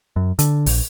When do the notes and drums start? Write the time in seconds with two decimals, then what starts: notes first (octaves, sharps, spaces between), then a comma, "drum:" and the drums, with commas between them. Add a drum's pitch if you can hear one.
0.16 F#2
0.39 D3, drum: hi-hat
0.66 A#1, drum: open hi-hat